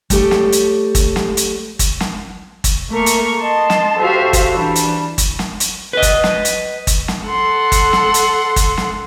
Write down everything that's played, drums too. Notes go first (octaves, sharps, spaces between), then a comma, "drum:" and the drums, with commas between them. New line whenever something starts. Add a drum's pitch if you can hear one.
G3 A3 G4 A4 C#5, drum: kick, hi-hat
drum: snare
drum: hi-hat
drum: kick, hi-hat
drum: snare
drum: hi-hat
drum: kick, hi-hat
drum: snare
drum: kick, hi-hat
A3 A#3 A#4 C#6
drum: hi-hat
D#5 A5 C6
drum: snare
F#4 G4 A4 C5 E5 F5
drum: kick, hi-hat
E3 G3 D4
drum: hi-hat
drum: kick, hi-hat
drum: snare
drum: hi-hat
B4 D#5
drum: kick, hi-hat
drum: snare
drum: hi-hat
drum: kick, hi-hat
drum: snare
A4 F#5 C6
drum: kick, hi-hat
drum: snare
drum: hi-hat
drum: kick, hi-hat
drum: snare